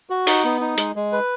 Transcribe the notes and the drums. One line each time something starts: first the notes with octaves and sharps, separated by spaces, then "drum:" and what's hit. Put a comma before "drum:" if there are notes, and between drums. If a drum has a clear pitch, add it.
F#4
D#4, drum: open hi-hat
B3
D#4
G#3, drum: hi-hat
G#3
B4